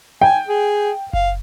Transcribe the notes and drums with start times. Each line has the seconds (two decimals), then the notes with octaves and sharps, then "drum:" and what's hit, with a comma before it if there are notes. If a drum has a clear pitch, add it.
0.21 G5 G#5
0.48 G#4
1.13 F5, drum: kick F#1